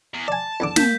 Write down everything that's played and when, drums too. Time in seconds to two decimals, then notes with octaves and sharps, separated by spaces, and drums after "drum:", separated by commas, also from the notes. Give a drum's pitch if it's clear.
0.14 E2
0.28 D5 G#5 A5
0.60 E2 D3 D6
0.76 A#3 G6 B6, drum: snare